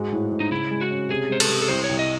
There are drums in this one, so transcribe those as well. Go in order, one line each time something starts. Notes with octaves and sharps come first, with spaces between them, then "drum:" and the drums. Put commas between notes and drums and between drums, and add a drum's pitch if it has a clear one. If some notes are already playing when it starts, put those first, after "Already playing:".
Already playing: G#2 G#3 F#4
A2
A2
D#4
C#3 E4
G#3
F#4
C#4
C3 G#4
G#3 C5
A4, drum: cymbal
C3
A4
C2 C5
C#5
C2
D#5